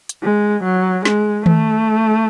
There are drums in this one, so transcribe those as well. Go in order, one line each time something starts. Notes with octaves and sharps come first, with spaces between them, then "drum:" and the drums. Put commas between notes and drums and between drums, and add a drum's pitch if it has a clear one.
drum: hi-hat
G#3
F#3
G#3, drum: snare
A3, drum: tom D#3